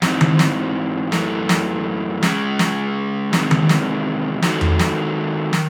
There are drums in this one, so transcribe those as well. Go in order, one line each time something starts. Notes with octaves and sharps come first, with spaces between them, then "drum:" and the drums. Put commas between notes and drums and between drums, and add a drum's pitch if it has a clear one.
G#2 E3 C4 D#4, drum: snare
drum: tom D#3
drum: snare
F#2 E3 A3, drum: snare
drum: snare
C#3 G#3 C#4 G#4, drum: snare
drum: snare
E2 C3 D#3 G#3, drum: snare
drum: tom D#3
drum: snare
D#3 G#3 D#4 F#4 A4, drum: snare
drum: tom E2
drum: snare
D#3, drum: snare